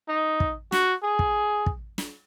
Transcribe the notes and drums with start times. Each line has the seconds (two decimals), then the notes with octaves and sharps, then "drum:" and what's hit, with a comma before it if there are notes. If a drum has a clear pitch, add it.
0.09 D#4
0.40 drum: kick
0.72 F#4, drum: snare
1.03 G#4
1.19 drum: kick
1.66 drum: kick
1.98 drum: snare